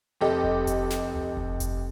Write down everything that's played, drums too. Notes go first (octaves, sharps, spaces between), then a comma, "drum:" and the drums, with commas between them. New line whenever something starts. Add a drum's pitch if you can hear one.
F1 G4 A4 D#5
drum: kick F1
drum: kick F1, hi-hat
drum: snare
drum: tom C#2
drum: kick F1
drum: kick F1, hi-hat